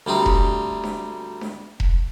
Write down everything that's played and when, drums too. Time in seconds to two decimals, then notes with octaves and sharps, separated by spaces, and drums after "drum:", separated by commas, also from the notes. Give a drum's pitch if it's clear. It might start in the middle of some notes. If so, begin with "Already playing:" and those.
0.07 D2 G3 C4 D#4
0.26 drum: kick E1
0.84 drum: snare D4
1.41 drum: snare D4
1.80 drum: kick E1